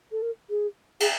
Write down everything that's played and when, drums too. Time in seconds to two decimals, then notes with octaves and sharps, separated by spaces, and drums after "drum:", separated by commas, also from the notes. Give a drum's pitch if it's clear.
0.12 A4
0.22 A#4
0.50 G#4
1.00 G#4, drum: cymbal